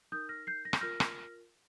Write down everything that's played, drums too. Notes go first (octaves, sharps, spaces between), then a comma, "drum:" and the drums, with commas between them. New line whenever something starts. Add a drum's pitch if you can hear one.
D#4 A#4 D#6 G6
F6 A#6
G6 C7
A#6
G6, drum: rim click
F4 A#4 F6 A#6
drum: rim click